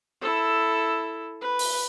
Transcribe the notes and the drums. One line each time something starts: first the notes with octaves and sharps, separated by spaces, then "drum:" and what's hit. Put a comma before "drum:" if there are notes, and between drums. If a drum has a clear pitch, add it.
E4 A4
B4
drum: open hi-hat